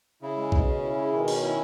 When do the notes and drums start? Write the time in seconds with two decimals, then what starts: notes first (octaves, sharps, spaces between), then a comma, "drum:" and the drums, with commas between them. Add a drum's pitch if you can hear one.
0.22 C#3 E4
0.37 G#3
0.52 B2, drum: kick B1
0.67 C#4
0.83 E4
0.97 G#3
1.12 B2 D#3
1.28 C#4, drum: cymbal
1.42 E4